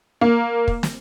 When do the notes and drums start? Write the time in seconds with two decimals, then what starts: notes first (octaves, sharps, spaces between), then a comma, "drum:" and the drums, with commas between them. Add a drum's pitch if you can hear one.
0.21 A#3
0.68 drum: kick
0.83 drum: snare